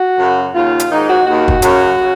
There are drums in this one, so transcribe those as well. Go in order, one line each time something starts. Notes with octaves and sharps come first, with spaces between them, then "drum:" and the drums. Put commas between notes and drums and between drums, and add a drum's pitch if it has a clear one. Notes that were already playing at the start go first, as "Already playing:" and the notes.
Already playing: F#4
F#2 C#3
D#2 C#3 F4
drum: hi-hat
G#2 D#3 D#4
F#4
D#2 D#3 F#4
drum: kick
F#2 C#3, drum: hi-hat
C#3